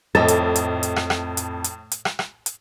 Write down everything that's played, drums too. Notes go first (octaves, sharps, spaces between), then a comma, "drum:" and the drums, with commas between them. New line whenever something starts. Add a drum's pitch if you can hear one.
F2 A2 A4 D#5 A6
drum: hi-hat
drum: hi-hat
drum: hi-hat
drum: rim click
drum: rim click
drum: hi-hat
drum: hi-hat
drum: hi-hat
drum: rim click
drum: rim click
drum: hi-hat